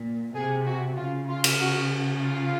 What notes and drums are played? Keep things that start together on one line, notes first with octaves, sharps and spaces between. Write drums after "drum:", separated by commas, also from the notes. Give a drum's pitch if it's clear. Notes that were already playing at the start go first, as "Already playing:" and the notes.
Already playing: A#2
C3 G#4
F#4
C#3 F4
F4
drum: cymbal
F#4
F4